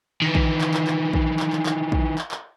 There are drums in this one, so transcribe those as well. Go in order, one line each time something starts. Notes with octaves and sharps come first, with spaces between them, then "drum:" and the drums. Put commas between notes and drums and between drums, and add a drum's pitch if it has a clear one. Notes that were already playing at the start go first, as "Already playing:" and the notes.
D#3 E3
drum: kick A#1
drum: clap
drum: clap
drum: clap
drum: kick A#1
drum: clap
drum: clap
drum: clap
drum: kick A#1
drum: clap
drum: clap